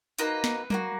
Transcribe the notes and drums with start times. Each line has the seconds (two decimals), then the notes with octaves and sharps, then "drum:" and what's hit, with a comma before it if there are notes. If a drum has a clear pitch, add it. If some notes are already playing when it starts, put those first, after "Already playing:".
0.19 A#3 D#4 F#4 B4, drum: hi-hat
0.44 drum: snare
0.70 A#3 D#4 F#4, drum: tom F#3